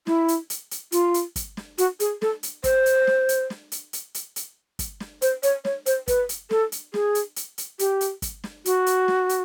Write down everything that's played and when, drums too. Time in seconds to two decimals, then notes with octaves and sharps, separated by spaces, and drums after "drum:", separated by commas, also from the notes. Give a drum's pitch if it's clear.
0.07 E4, drum: snare
0.28 drum: hi-hat
0.50 drum: hi-hat
0.71 drum: hi-hat
0.92 F4, drum: hi-hat
1.14 drum: hi-hat
1.36 drum: kick, hi-hat
1.57 drum: snare
1.78 F#4, drum: hi-hat
2.00 G#4, drum: hi-hat
2.22 A4, drum: snare
2.43 drum: hi-hat
2.64 C5, drum: kick, hi-hat
2.86 drum: hi-hat
3.07 drum: snare
3.29 drum: hi-hat
3.50 drum: snare
3.72 drum: hi-hat
3.93 drum: hi-hat
4.15 drum: hi-hat
4.36 drum: hi-hat
4.79 drum: kick, hi-hat
5.00 drum: snare
5.22 C5, drum: hi-hat
5.43 C#5, drum: hi-hat
5.65 C#5, drum: snare
5.86 C5, drum: hi-hat
6.08 B4, drum: kick, hi-hat
6.29 drum: hi-hat
6.51 A4, drum: snare
6.72 drum: hi-hat
6.94 G#4, drum: snare
7.15 drum: hi-hat
7.36 drum: hi-hat
7.58 drum: hi-hat
7.79 G4, drum: hi-hat
8.01 drum: hi-hat
8.22 drum: kick, hi-hat
8.44 drum: snare
8.66 F#4, drum: hi-hat
8.86 drum: hi-hat
9.08 drum: snare
9.29 drum: hi-hat